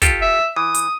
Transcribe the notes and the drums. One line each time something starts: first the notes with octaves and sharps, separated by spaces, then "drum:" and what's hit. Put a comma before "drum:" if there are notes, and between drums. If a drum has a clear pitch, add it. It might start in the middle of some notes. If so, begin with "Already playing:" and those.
F4 G4 A4, drum: kick, hi-hat
E5
E3 D#6
drum: hi-hat